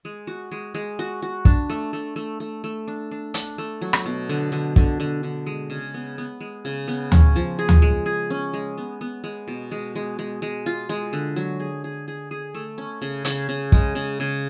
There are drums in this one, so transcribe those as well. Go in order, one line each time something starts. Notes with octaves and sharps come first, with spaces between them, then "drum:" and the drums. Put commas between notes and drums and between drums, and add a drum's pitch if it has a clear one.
G#3
F#4
G#3
G#3
F#4
F#4
D4, drum: kick
A3
A3
A3
A3
A3
D4
D4
D4, drum: hi-hat
A3
F#3
drum: rim click
B2
D3
D3
D3, drum: kick
D3
D3
G#3
C#3
B3
B3
G#3
C#3
B3
C#4, drum: tom D2
F3
G#4
drum: tom D2
G#3
G#4
C#4
G#3
B3
B3
G#3
B2
G#3
G#3
G#3
G#3
F4
G#3
D3
F#3
G#4
G#4
G#4
G#4
A3
C#4
C#3
C#3, drum: hi-hat
C#3
G#3, drum: kick
C#3
C#3